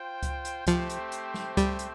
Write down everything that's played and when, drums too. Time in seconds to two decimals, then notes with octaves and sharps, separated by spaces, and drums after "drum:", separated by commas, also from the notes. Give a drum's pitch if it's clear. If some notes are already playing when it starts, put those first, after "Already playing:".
Already playing: F4 C5 G5
0.23 drum: kick C#2, hi-hat
0.45 drum: hi-hat
0.67 F3 A3 C4 G4 C5, drum: kick C#2, hi-hat
0.90 drum: hi-hat
1.12 drum: hi-hat
1.34 drum: snare
1.57 G3, drum: kick C#2, hi-hat
1.79 drum: hi-hat